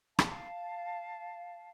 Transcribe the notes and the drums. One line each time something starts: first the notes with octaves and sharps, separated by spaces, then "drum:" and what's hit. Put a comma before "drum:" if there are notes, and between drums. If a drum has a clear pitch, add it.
F5 A5, drum: rim click